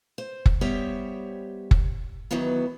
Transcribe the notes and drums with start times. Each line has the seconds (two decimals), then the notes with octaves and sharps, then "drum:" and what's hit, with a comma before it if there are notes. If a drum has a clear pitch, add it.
0.18 C5
0.46 drum: kick F#1
0.61 G3 B3 G4 C5 C#5 E5
1.71 drum: kick F#1
2.31 D#3 E3 F#3 B3